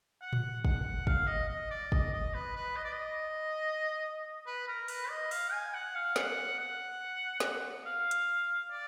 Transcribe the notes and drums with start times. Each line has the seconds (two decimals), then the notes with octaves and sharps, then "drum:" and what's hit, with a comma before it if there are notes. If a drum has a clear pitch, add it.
0.21 F#5
0.33 drum: tom A2
0.65 F#5, drum: kick
1.07 F5, drum: kick
1.27 D#5
1.49 D#5
1.71 D5
1.92 D#5, drum: kick
2.13 D#5
2.34 B4
2.56 B4
2.76 D#5
2.84 D5
2.93 D#5
4.47 B4
4.68 A#4
4.88 B4, drum: open hi-hat
5.10 D#5
5.31 F5, drum: open hi-hat
5.52 G#5
5.74 F#5
5.95 F5
6.16 F#5, drum: snare
6.59 F#5
7.40 drum: snare
7.86 F5
8.11 drum: hi-hat
8.71 D5